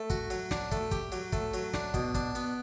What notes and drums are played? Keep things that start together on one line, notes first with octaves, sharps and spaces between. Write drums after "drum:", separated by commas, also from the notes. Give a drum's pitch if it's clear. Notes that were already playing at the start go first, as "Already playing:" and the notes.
Already playing: A3
F#4, drum: kick, hi-hat
F#3, drum: hi-hat
D4, drum: snare
A3, drum: kick, hi-hat
G4, drum: kick, hi-hat
F#3, drum: hi-hat
A3, drum: kick, hi-hat
F#3, drum: hi-hat
D4, drum: snare
B2, drum: kick, hi-hat
D4, drum: kick, hi-hat
B3, drum: hi-hat